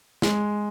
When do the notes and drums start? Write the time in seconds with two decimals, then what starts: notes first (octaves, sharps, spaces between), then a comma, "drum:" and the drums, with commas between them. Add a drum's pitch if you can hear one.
0.22 G#3, drum: snare